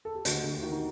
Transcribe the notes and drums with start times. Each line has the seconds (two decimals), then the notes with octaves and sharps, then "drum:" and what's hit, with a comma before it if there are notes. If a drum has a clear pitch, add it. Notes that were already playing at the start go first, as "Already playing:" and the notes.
0.05 A4
0.15 G4
0.25 D2 F#4, drum: hi-hat
0.44 D2
0.52 G4
0.62 D#3 F#4
0.71 D#4